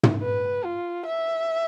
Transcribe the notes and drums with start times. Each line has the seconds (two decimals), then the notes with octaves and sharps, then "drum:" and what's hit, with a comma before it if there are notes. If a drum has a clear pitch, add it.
0.03 drum: tom
0.22 B4
0.64 F4
1.06 E5